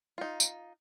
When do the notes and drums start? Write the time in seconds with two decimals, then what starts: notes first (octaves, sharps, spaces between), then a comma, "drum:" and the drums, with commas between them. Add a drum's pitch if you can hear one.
0.18 D#4 F4
0.40 drum: tambourine